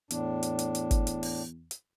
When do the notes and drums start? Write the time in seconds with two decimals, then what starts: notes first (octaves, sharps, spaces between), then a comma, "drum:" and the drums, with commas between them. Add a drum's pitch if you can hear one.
0.11 E2 A2 D4, drum: hi-hat
0.43 drum: hi-hat
0.59 drum: hi-hat
0.75 drum: hi-hat
0.91 drum: kick G1, hi-hat
1.07 drum: hi-hat
1.23 drum: open hi-hat
1.71 drum: hi-hat